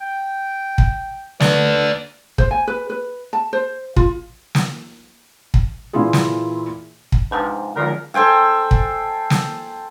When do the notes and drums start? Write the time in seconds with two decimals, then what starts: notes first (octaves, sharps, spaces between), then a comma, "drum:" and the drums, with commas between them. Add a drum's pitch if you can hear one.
0.01 G5
0.78 drum: kick
1.41 A3 B4 D5, drum: snare
2.38 C5, drum: kick
2.51 G#5
2.68 B4
2.90 B4
3.33 A5
3.53 C5
3.96 F4, drum: kick
4.55 drum: snare
5.54 drum: kick
5.93 A#2 E3 A#3 E4 F4 G#4
6.13 drum: snare
7.12 drum: kick
7.31 G#2 C3 F3 D4 B4 A5
7.76 G#1 C#2 D3 F3 F4 A#4
8.14 A4 C5 G5 G#5
8.71 drum: kick
9.30 drum: snare